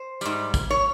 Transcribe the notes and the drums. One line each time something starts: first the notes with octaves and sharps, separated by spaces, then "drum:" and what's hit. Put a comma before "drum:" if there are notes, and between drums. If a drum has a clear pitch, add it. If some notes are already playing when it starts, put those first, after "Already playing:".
Already playing: C5
G#2 G3, drum: tambourine
drum: kick, tambourine
C#5